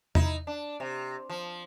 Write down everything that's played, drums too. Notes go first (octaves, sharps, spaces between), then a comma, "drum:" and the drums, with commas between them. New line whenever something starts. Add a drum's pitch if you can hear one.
D#4 E4, drum: tom E2
D4
C3
F3